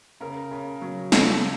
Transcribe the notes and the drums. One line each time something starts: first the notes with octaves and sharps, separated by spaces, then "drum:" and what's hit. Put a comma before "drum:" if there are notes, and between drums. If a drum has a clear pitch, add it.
C#3 A#4
C#3
F#3
C#3 A4, drum: snare